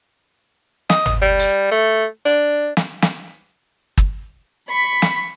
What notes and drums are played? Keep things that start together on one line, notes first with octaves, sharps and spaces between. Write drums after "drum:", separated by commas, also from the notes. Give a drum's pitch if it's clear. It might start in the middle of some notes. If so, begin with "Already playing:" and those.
D#5, drum: snare
drum: tom
G3
drum: hi-hat
A3
D4
drum: snare
drum: snare
drum: kick
B5 C#6 B6
drum: snare